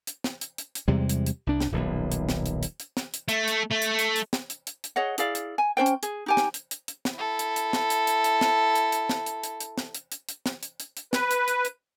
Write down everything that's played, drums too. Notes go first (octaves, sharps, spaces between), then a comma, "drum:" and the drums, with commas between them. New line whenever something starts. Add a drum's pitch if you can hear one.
drum: hi-hat
drum: snare
drum: hi-hat
drum: hi-hat
drum: hi-hat
E2 C3 G3 G#3
drum: hi-hat
drum: hi-hat
C2 D4
drum: snare
D#1 B1
drum: hi-hat
drum: snare
drum: hi-hat
drum: hi-hat
drum: hi-hat
drum: snare
drum: hi-hat
A3, drum: hi-hat
drum: hi-hat
A3
drum: hi-hat
drum: hi-hat
drum: hi-hat
drum: snare
drum: hi-hat
drum: hi-hat
drum: hi-hat
G#4 C#5 D#5 F#5
E4 G#4 D5 F5, drum: hi-hat
drum: hi-hat
G#5
C#4 D#4 C5 G5
drum: hi-hat
G#4, drum: hi-hat
D#4 G4 G#5
drum: snare
drum: hi-hat
drum: hi-hat
drum: hi-hat
drum: snare
E4 A4
drum: hi-hat
drum: hi-hat
drum: snare
drum: hi-hat
drum: hi-hat
drum: hi-hat
drum: snare
drum: hi-hat
drum: hi-hat
drum: snare
drum: hi-hat
drum: hi-hat
drum: hi-hat
drum: snare
drum: hi-hat
drum: hi-hat
drum: hi-hat
drum: snare
drum: hi-hat
drum: hi-hat
drum: hi-hat
B4, drum: snare
drum: hi-hat
drum: hi-hat
drum: hi-hat